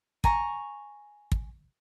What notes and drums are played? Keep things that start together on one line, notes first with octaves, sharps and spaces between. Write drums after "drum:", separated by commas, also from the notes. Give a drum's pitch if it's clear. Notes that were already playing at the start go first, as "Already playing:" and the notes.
G#5 A#5 C#6, drum: kick
drum: kick